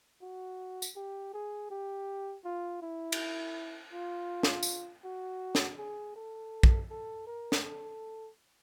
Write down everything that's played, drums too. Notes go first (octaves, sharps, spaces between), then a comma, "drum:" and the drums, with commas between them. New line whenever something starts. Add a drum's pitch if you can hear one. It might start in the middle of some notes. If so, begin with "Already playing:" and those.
F#4
drum: tambourine
G4
G#4
G4
F4
E4
drum: cymbal
F4
drum: snare
drum: tambourine
F#4
drum: snare
G#4
A4
drum: kick
A4
A#4
drum: snare
A4